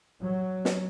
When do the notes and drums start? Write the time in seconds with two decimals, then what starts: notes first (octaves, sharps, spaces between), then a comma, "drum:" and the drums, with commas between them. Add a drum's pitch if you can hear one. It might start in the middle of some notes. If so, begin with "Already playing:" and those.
0.23 F#3
0.65 drum: snare